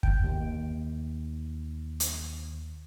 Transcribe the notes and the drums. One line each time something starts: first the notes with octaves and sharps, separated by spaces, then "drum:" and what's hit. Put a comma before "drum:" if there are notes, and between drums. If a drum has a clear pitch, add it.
G5, drum: kick
D#2
drum: hi-hat